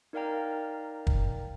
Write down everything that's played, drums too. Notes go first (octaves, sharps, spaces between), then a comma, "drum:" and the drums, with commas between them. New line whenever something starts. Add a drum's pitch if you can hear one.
D#4 A#4 D5 F5 G5 A#5
drum: kick